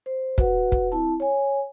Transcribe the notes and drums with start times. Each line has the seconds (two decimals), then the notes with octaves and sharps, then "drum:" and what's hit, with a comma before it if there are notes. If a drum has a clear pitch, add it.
0.06 C5
0.38 F#4 B4 F#5, drum: kick
0.72 drum: kick
0.92 C4 E4 A5
1.20 C#5 G#5